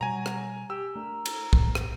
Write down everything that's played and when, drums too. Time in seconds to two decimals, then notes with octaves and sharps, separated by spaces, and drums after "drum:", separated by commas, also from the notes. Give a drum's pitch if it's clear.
0.01 B2 F#3 G3 G#5 A#5
0.26 drum: rim click
0.70 G4 E6
0.95 A3 D4 A#4
1.26 drum: cymbal
1.53 A2, drum: kick
1.75 drum: rim click